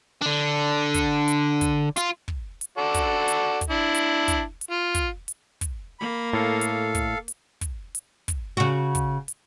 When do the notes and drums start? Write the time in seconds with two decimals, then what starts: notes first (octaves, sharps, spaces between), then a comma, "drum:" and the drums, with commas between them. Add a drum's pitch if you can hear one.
0.22 D3 D4
0.94 drum: kick, hi-hat
1.28 drum: hi-hat
1.61 drum: kick, hi-hat
1.96 F4, drum: hi-hat
2.28 drum: kick
2.61 drum: hi-hat
2.78 F#4 A4 D5
2.94 drum: kick, hi-hat
3.28 drum: hi-hat
3.61 drum: kick, hi-hat
3.70 D4 E4
3.94 drum: hi-hat
4.28 drum: kick, hi-hat
4.61 drum: hi-hat
4.71 F4
4.95 drum: kick, hi-hat
5.28 drum: hi-hat
5.61 drum: kick, hi-hat
6.00 A#3 B5
6.33 A2 A4 F5
6.61 drum: hi-hat
6.95 drum: kick, hi-hat
7.28 drum: hi-hat
7.61 drum: kick, hi-hat
7.95 drum: hi-hat
8.28 drum: kick, hi-hat
8.57 C#3 F#4
8.95 drum: kick, hi-hat
9.28 drum: hi-hat